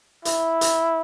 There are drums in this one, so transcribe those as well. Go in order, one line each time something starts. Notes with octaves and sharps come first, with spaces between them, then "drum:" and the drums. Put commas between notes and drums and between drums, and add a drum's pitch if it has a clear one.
E4, drum: hi-hat
drum: hi-hat